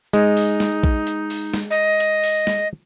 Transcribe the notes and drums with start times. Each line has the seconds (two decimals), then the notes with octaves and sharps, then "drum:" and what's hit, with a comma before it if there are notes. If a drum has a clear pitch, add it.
0.13 G#3 D#4, drum: hi-hat
0.37 drum: open hi-hat
0.60 drum: snare G#3
0.83 drum: kick A#1
1.07 drum: hi-hat
1.30 drum: open hi-hat
1.54 drum: snare G#3
1.70 D#5
2.00 drum: hi-hat
2.24 drum: open hi-hat
2.47 drum: snare G#3